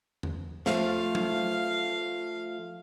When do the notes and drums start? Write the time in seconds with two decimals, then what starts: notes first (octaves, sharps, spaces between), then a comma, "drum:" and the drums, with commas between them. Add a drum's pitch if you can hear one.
0.23 drum: tom E2
0.66 F3 A3 F5, drum: snare
1.15 drum: tom